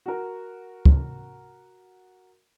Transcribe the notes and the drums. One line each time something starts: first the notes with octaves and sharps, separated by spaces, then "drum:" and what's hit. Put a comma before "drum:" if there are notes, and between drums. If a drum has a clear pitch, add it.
F#4 A#4
drum: kick